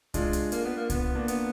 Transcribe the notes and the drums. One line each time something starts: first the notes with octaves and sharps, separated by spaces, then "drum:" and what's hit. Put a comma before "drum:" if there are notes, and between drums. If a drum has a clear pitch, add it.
G#3 D4 F4, drum: kick C2, hi-hat
drum: hi-hat
A#3, drum: hi-hat
B3
A#3
B3, drum: kick C2, hi-hat
A#3 D4
B3, drum: hi-hat